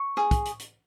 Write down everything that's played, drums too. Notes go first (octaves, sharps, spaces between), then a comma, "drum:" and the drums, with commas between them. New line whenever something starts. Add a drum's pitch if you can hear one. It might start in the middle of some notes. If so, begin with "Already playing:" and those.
Already playing: C#6
G#4, drum: rim click
drum: kick, hi-hat
drum: hi-hat
drum: hi-hat